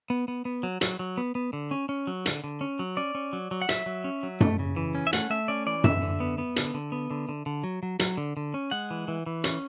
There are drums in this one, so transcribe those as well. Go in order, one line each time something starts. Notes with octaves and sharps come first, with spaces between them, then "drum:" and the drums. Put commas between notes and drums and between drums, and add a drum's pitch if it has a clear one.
B3
B3
B3
F#3
F#3, drum: hi-hat
F#3
B3
B3
D3
C#4
C#4
F#3
D3, drum: hi-hat
D3
C#4
F#3
C#4 D5
C#4
F#3
F#3
F#5
F#3 E5, drum: hi-hat
F#3
C#4
F#3
A3, drum: tom F#2
C#3
E3
C#4
E5
A3 F#5, drum: hi-hat
A3 E5
C#4 D5
E3 D5
D3 E5, drum: tom F#2
D3
B3
B3
D3, drum: hi-hat
D3
B3
D3
D3
D3
F#3
F#3
F#3, drum: hi-hat
D3
D3
C#4
G#3 F#5
E3
E3
E3
C#4, drum: hi-hat